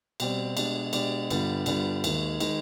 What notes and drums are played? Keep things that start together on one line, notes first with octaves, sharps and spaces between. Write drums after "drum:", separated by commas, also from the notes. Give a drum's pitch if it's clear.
B2 G3 C4 G4 D5, drum: cymbal
B2 G#3 D4 G4 D5, drum: cymbal
B2 G#3 D4 G4 D5, drum: cymbal
G2 D3 G3 B3 F4, drum: cymbal
G2 D3 G3 B3 F4, drum: cymbal
D#2 D#3 G#3, drum: cymbal
D#3 G#3, drum: cymbal